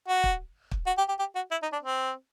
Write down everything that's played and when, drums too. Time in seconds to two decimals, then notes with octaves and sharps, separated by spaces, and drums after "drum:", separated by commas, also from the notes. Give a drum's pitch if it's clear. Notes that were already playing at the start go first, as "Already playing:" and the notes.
0.08 F#4
0.24 drum: kick
0.71 drum: kick
0.87 F#4
0.98 G4
1.09 G4
1.19 G4
1.36 F#4
1.51 E4
1.62 D#4
1.72 D4
1.83 C4